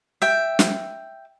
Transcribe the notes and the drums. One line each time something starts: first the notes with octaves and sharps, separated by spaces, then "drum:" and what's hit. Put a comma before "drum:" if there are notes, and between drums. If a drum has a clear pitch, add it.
E5 G5
drum: snare